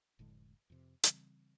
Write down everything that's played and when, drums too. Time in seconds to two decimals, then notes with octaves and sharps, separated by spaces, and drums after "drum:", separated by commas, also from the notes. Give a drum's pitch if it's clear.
0.19 F1 A2 D3 G#3
0.70 F2 C3
1.04 C#3 E3 G3 C4, drum: hi-hat